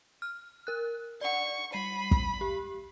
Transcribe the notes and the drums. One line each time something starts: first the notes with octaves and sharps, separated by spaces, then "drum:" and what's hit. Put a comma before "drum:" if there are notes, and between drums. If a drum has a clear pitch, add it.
F6
A#4 F#6
D5 F#5 C#6
G3 B5 C7 D#7
drum: kick
G4